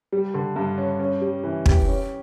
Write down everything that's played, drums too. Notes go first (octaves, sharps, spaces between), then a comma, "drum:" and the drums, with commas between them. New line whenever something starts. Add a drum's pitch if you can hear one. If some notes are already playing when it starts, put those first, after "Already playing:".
G3
D3
G2
C#4
C#4
G3
E3
G4, drum: kick
C#4